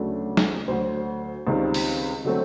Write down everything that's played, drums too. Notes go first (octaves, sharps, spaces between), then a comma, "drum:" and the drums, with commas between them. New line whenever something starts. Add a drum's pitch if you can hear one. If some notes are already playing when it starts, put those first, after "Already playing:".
Already playing: D2 C#3 F#3 A3 D4
drum: snare
D2 D3 F#3 C5
C#2 C3 D#3 G3 C4
drum: open hi-hat
D3 F#3 A3 C4